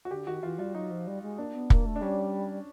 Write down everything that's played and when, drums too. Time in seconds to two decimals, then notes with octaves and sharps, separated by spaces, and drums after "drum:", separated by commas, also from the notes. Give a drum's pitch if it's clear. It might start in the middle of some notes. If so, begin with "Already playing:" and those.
0.05 F#4
0.11 D3 G4
0.27 D#3 F#4
0.43 E3 F4
0.58 G3 F4
0.74 F#3 D#4
0.90 F3
1.07 G3
1.22 G#3
1.38 A#3 D4
1.54 B3
1.70 A#3, drum: kick
1.85 A3
1.96 D4
2.01 G3 C#4